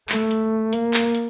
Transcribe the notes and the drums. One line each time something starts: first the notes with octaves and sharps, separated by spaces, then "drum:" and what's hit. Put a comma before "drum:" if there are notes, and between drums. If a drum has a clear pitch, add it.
A3, drum: clap
drum: hi-hat
A#3, drum: hi-hat
drum: clap
drum: hi-hat